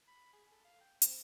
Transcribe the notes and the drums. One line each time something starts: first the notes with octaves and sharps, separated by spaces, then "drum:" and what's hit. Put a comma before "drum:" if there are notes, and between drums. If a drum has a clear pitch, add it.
B5
G#4
A4
F5
G5
C4, drum: hi-hat